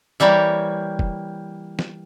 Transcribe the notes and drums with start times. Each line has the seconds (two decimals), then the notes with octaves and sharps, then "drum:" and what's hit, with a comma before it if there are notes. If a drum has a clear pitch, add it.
0.20 E3 G3 A#3 C#5
0.99 drum: kick
1.79 drum: snare